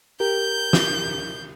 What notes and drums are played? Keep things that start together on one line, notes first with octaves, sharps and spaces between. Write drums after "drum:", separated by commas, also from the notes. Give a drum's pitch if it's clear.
G4 A#4 G6
drum: snare